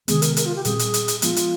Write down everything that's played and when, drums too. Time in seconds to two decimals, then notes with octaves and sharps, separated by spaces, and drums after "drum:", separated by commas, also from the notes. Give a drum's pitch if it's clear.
0.08 C3 D#3 G#3 B3 G#4, drum: hi-hat
0.22 A#4, drum: hi-hat
0.37 A#4, drum: hi-hat
0.46 F4
0.56 G4
0.65 A#2 G3 C4 G#4, drum: hi-hat
0.79 drum: hi-hat
0.94 drum: hi-hat
1.08 drum: hi-hat
1.22 F3 G#3 B3 D4 F4, drum: hi-hat
1.36 drum: hi-hat